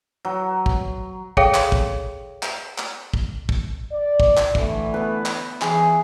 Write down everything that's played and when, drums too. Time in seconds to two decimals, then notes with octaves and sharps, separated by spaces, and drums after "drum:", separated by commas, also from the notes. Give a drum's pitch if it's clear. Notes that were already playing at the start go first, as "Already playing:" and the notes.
0.25 F#3
0.66 drum: kick
1.37 G#4 A4 C#5 F5 G5, drum: kick
1.54 drum: clap
1.72 drum: kick
2.43 drum: clap
2.78 drum: clap
3.14 drum: kick
3.49 drum: kick
3.92 D5
4.20 drum: kick
4.37 drum: clap
4.55 D3 E3 A3, drum: kick
4.94 B3 B4
5.26 drum: clap
5.62 E3 G#4, drum: clap